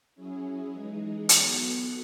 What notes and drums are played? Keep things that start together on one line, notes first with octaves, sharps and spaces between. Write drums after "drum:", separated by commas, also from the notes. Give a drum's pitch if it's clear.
F#3 C#4 E4 G#4
E3 G#3 D#4 G#4
F#3 B3 F#4 A4, drum: hi-hat